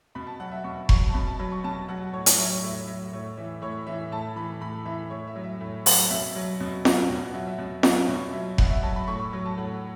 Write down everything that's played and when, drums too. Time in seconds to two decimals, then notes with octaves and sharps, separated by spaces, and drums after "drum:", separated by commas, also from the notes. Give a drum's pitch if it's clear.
0.15 B2 B5
0.27 A5
0.40 F#3 F#5
0.52 E5
0.64 B2 C#6
0.89 F#3 C#6, drum: kick F1
1.09 A5
1.14 B2 B5
1.27 A5
1.39 F#3 B5
1.52 C#6
1.64 B2 A5
1.88 F#3 F#5
2.13 A2 C#5
2.26 C#5, drum: hi-hat
2.38 F#3 E5
2.51 C#5
2.63 A2 E5
2.87 F#3 E5
3.13 A2 C#5
3.38 E3 E5
3.62 A2 C#5
3.87 E3 E5
4.12 A2 A5
4.36 E3 B5
4.61 A2 B5
4.86 E3 E5
5.10 A2 C#5
5.28 E5
5.36 F#3
5.44 E5
5.61 A2
5.86 F#3, drum: open hi-hat
6.10 B2 E5
6.36 F#3
6.60 B2
6.85 F#3, drum: snare
7.10 B2 F#5
7.22 F#5
7.34 F#3 E5
7.47 E5
7.58 B2
7.83 F#3, drum: snare
8.04 E5
8.09 B2 C#5
8.33 F#3 E5
8.58 B2 F#5, drum: kick F1
8.70 E5
8.83 F#3 A5
8.96 B5
9.08 A2 C#6
9.20 C#6
9.33 F#3
9.45 A5
9.57 A2 F#5